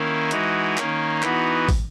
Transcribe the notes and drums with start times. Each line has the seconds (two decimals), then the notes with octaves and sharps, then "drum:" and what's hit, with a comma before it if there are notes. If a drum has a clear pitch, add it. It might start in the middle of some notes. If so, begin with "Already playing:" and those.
Already playing: D#3 A#3 C#4 E4
0.31 E3 G#3 D#4 F#4, drum: hi-hat
0.77 D#3 A#3 C#4, drum: clap
1.23 E3 B3 D#4 F#4, drum: clap
1.69 drum: kick, open hi-hat